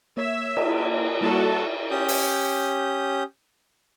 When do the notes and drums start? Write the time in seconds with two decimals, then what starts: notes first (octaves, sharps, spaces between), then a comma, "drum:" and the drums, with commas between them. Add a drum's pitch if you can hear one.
0.17 A#3 C#5 E5 G#6
0.57 drum: cymbal
1.21 G3 A#3 E4 F#4 A4 A5
1.91 C#4 G4 D#6 G6
2.08 drum: open hi-hat